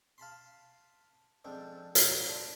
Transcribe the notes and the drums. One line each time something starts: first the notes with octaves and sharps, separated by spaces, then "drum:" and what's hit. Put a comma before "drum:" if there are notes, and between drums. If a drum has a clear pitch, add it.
F5 A5 B5 C6
F2 G#2 C4 D4
B3 F4 A#4 B4 C#5, drum: hi-hat
D4 B5 C6